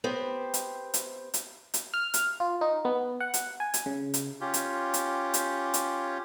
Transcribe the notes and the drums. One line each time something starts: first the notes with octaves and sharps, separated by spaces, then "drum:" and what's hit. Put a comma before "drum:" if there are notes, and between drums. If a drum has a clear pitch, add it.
B3 C4 G4 C5
drum: hi-hat
drum: hi-hat
drum: hi-hat
drum: hi-hat
F6
drum: hi-hat
F4
D#4
B3
F#5
drum: hi-hat
G#5
drum: hi-hat
C#3
drum: hi-hat
C#4 F4 G4
drum: hi-hat
drum: hi-hat
drum: hi-hat
drum: hi-hat